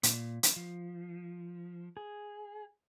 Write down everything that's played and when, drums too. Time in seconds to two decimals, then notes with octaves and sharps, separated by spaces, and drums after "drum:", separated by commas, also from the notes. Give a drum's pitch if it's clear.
0.03 A#2, drum: hi-hat
0.43 drum: hi-hat
0.56 F3
1.97 G#4